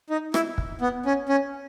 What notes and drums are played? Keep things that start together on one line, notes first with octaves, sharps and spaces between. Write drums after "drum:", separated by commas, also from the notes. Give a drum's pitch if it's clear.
D#4
E4, drum: rim click
drum: kick
B3
C#4
C#4